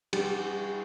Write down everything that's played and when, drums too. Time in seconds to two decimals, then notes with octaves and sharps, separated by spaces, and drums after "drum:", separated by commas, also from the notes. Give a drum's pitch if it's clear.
0.13 G3 G4, drum: cymbal